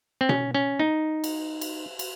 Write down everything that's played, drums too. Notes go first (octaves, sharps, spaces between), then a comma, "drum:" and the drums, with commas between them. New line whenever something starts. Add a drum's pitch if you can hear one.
C4
C#4, drum: tom B2
C#4
D#4
drum: cymbal
drum: cymbal
drum: cymbal